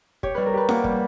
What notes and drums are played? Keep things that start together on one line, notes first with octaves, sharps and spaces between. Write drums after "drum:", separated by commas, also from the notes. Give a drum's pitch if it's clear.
G4 C#5, drum: kick
G3 B4
A#4
G4 B4
A#3 F#5, drum: snare F4
G3, drum: kick